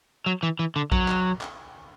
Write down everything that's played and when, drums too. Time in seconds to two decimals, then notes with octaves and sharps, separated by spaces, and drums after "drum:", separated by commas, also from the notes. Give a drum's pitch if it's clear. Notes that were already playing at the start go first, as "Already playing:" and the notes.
0.26 F#3
0.43 E3
0.59 E3
0.76 D3
0.92 F#3, drum: kick A#1
1.08 drum: clap
1.41 drum: clap